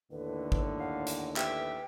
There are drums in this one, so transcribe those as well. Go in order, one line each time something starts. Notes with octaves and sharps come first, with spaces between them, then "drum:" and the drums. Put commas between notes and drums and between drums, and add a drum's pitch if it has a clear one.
D#2 A2 D3 B4
drum: kick G#1
F5 F#5
drum: hi-hat
G4 B4 E5, drum: clap